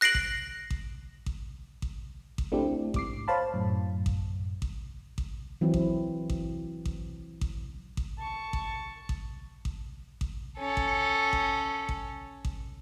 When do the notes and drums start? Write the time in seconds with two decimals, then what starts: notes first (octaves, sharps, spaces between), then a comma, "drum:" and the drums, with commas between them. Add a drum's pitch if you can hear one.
0.01 F#6 A#6 C7 D7 F#7
0.15 drum: kick A1
0.71 drum: kick A1
1.26 drum: kick A1
1.82 drum: kick A1
2.38 drum: kick A1
2.52 A3 C4 D4 E4 G4
2.94 G#2 D6 C7, drum: kick A1
3.28 C5 C#5 F5 A5 B5
3.53 F#2 A2
4.06 drum: kick A1
4.62 drum: kick A1
5.18 drum: kick A1
5.61 E3 F#3 C4 E4
5.74 drum: kick A1
6.30 drum: kick A1
6.86 drum: kick A1
7.41 drum: kick A1
7.97 drum: kick A1
8.18 A5 C#6
8.53 drum: kick A1
9.09 drum: kick A1
9.65 drum: kick A1
10.21 drum: kick A1
10.58 C#4 A4
10.77 drum: kick A1
11.33 drum: kick A1
11.89 drum: kick A1
12.45 drum: kick A1